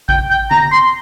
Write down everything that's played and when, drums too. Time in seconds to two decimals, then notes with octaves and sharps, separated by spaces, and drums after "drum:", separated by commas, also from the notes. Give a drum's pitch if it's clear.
0.09 G5, drum: kick A1
0.30 G5
0.51 A#5, drum: tom D3
0.72 C6